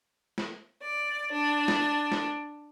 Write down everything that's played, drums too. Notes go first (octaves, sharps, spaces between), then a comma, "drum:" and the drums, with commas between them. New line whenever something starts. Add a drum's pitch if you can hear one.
drum: snare
D5
D4
drum: snare
drum: snare